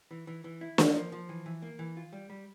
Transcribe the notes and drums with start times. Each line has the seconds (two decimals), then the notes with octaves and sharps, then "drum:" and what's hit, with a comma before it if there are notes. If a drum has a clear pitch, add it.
0.11 E3
0.27 E3
0.44 E3
0.61 E4
0.78 A#3, drum: snare
0.95 F3
1.12 F3
1.29 E3
1.46 E3
1.62 A#3
1.79 E3
1.97 F4
2.13 G3
2.30 G3